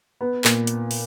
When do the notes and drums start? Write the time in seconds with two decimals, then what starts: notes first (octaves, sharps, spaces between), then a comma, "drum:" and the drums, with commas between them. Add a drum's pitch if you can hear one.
0.21 B3
0.44 A#2, drum: clap
0.67 drum: hi-hat
0.91 drum: open hi-hat